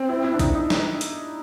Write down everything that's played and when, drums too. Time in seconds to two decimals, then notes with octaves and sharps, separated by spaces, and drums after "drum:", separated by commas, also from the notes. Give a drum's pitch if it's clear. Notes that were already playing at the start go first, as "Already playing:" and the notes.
Already playing: C4
0.09 E4
0.24 E4
0.34 D4
0.39 D#4, drum: kick, hi-hat
0.55 D#4
0.70 drum: snare
1.01 drum: hi-hat